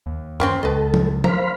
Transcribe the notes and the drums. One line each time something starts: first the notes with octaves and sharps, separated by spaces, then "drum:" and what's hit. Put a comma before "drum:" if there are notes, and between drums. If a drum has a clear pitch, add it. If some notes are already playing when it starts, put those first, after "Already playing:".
D#2
C4 C#4 A#4, drum: tom F#2
C#2 A4 B4 D#5
drum: tom
A#3 C5 F5 A#5 B5, drum: tom